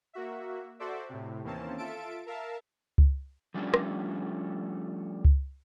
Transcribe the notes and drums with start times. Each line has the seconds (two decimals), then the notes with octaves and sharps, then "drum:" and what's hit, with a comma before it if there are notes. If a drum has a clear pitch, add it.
0.13 A#3 F#4 E5
0.79 F#4 A4 C5 D5 E5
1.09 A2 C3
1.43 D#2 E3 A#3 C4 C#4 A5
1.78 F4 A4 E5 A5 D7
2.26 A#4 E5 F5 A5
2.98 drum: kick C#2
3.54 F3 G3 A3 C#4 D4 G4
3.74 drum: rim click
5.25 drum: kick C#2